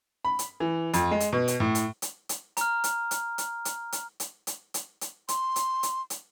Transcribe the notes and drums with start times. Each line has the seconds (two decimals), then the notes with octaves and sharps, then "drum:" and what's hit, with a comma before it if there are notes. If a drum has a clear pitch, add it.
0.25 B5
0.39 drum: hi-hat
0.60 E3
0.93 F2, drum: hi-hat
1.11 G#3
1.20 drum: hi-hat
1.33 B2
1.48 drum: hi-hat
1.60 A2
1.75 drum: hi-hat
2.02 drum: hi-hat
2.29 drum: hi-hat
2.57 A#5 F6, drum: hi-hat
2.84 drum: hi-hat
3.11 drum: hi-hat
3.38 drum: hi-hat
3.65 drum: hi-hat
3.92 drum: hi-hat
4.20 drum: hi-hat
4.47 drum: hi-hat
4.74 drum: hi-hat
5.01 drum: hi-hat
5.28 C6, drum: hi-hat
5.56 drum: hi-hat
5.83 drum: hi-hat
6.10 drum: hi-hat